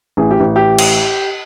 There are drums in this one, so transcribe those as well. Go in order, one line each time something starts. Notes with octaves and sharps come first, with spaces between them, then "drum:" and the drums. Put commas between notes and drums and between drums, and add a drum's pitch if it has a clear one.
A1 G#4
G4
A1
G4
drum: cymbal